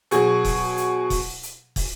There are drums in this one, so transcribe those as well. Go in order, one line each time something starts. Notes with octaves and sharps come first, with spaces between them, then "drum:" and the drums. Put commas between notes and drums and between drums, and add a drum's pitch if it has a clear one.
B2 F#3 G#4, drum: hi-hat
drum: kick, open hi-hat
drum: hi-hat
drum: kick, open hi-hat
drum: hi-hat
drum: kick, open hi-hat